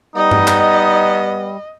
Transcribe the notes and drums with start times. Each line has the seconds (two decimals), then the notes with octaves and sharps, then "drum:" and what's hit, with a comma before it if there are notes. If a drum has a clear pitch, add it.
0.16 G3 B3 D#4 D#5
0.31 drum: tom G2
0.47 drum: clap